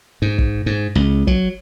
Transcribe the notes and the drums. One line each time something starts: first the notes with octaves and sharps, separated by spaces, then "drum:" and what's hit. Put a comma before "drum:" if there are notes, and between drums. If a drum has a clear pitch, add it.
G#2
drum: kick
G#2
C#2
F#3, drum: kick